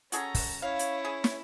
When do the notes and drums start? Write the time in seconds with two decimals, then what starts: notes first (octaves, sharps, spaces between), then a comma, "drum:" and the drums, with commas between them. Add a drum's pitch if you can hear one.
0.12 C#4 F#4 G#4 A4 A#5, drum: hi-hat
0.35 drum: kick, open hi-hat
0.62 C#4 E4 C#5 F5
0.79 drum: hi-hat
1.05 G#4
1.24 drum: snare